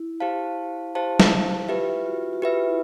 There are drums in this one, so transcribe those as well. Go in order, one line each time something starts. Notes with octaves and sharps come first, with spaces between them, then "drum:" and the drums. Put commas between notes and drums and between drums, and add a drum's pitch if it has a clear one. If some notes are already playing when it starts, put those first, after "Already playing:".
Already playing: E4
G4 C5 F5 A5
G4 C5 F5 A5
drum: snare
F4 G4 B4 E5
F4
F#4
F#4
F4 G4 B4 E5
E4